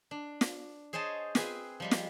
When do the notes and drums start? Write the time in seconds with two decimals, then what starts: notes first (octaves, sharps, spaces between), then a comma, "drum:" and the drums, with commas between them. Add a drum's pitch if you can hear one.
0.11 D4
0.41 drum: snare
0.93 G#4 C5 C#5 D#5 A5
1.35 C4 G#4 B4 G#5, drum: snare
1.80 F3 G3 G#3
1.91 drum: snare